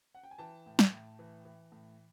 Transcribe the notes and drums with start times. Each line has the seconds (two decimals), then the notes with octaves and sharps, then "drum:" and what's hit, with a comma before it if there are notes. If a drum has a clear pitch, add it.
0.15 F#5
0.24 G5
0.31 G#5
0.38 E3 G5 A5
0.66 A2
0.79 drum: snare
0.92 A2
1.19 E3
1.45 E3
1.72 A2